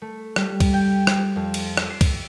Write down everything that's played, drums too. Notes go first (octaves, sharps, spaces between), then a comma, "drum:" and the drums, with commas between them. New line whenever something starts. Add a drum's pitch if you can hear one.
A3
G3, drum: rim click
drum: kick, cymbal
G5
drum: rim click
F2
drum: cymbal
E6, drum: rim click
C7
drum: kick, cymbal